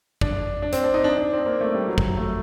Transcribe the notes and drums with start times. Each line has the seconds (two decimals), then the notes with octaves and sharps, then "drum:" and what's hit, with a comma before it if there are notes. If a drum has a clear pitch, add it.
0.21 D4, drum: kick
0.62 D4
0.73 C4, drum: hi-hat
0.84 D4
0.94 D#4
1.04 D4
1.18 D4
1.33 C4
1.46 A#3
1.61 A3
1.74 G3
1.88 F#3
1.98 drum: kick
2.17 A3